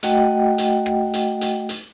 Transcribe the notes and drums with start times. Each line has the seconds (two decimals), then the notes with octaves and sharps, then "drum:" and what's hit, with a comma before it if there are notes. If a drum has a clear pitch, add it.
0.03 A3 F#4 D#5 F#5 G5, drum: hi-hat
0.58 drum: hi-hat
0.86 drum: rim click
1.14 drum: hi-hat
1.41 drum: hi-hat
1.69 drum: hi-hat